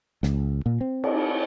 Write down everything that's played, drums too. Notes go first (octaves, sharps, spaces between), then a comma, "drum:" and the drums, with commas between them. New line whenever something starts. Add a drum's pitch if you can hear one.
C#2, drum: snare
A#2
C4
drum: cymbal